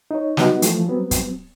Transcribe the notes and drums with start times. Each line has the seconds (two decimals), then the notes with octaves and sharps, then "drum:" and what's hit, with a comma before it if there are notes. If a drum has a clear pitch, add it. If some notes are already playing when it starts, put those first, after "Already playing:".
0.11 D#4 C#5
0.37 F#3 G3 B3 D#4 F#4 F#5, drum: snare
0.62 E3 F3 A3 F4, drum: hi-hat
0.86 F#3 G3 B3 C4
1.11 drum: kick, hi-hat